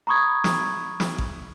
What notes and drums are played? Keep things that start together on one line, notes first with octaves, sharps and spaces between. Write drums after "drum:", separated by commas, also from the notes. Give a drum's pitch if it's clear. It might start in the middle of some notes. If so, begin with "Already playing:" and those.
A#5 B5 C#6 D#6 G#6
drum: snare
drum: snare
drum: kick A1